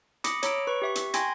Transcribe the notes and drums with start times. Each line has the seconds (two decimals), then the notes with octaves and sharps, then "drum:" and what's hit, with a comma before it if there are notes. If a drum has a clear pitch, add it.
0.24 B5 D6 D#6 A#6 C#7, drum: hi-hat
0.43 C#5 A#5 B5 E6 D7, drum: hi-hat
0.67 B4 C#6
0.82 G4 E5 C#6
0.95 drum: hi-hat
1.14 G5 G#5 B5 C6 G#6 A#6, drum: hi-hat